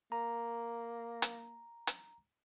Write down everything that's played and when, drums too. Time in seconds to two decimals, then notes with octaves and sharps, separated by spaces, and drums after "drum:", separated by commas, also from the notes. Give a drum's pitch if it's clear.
0.12 A#3 A#5
1.22 drum: hi-hat
1.87 drum: hi-hat